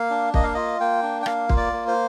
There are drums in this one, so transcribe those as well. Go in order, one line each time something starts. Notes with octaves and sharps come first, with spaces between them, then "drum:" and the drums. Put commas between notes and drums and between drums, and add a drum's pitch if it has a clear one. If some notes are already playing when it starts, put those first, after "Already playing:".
Already playing: A#3 F5
D4
A#3 D#5, drum: kick
F5
F4 D#5
A#3 G5
D4
G5
A#3 F5, drum: rim click
F4, drum: kick
D5
A#3
C5